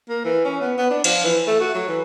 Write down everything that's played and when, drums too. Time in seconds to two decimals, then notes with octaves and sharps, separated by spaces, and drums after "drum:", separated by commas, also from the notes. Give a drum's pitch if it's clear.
0.09 A#3
0.25 E3
0.45 C#4
0.61 B3
0.77 B3
0.90 D4
1.04 F3, drum: cymbal
1.24 E3
1.47 A3
1.60 F#4
1.74 F#3
1.88 E3